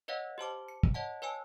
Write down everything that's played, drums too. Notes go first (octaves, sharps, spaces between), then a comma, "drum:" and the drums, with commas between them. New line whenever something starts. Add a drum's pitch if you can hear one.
B4 C#5 D#5 F5 F#5
G4 C5 A5 D6
C#7
drum: kick
C#5 D#5 F#5 A5
B4 C#5 G#5 A5